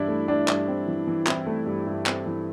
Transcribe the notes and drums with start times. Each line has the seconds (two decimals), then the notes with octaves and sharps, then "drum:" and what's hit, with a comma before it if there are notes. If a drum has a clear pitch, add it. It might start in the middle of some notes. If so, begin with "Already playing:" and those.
Already playing: G2 E3 D4 E4
0.08 A3
0.28 A3 D4
0.48 G2, drum: clap
0.68 C4
0.87 E3
1.07 E3
1.27 C4 E4, drum: clap
1.46 A3
1.66 G2
1.86 G2
2.06 C4, drum: clap
2.26 E3